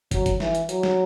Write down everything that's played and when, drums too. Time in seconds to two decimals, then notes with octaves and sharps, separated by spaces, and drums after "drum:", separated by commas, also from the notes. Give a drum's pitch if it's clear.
0.11 F#3, drum: kick, hi-hat
0.26 drum: kick, hi-hat
0.40 E3, drum: snare
0.55 drum: hi-hat
0.69 F#3, drum: hi-hat
0.83 drum: snare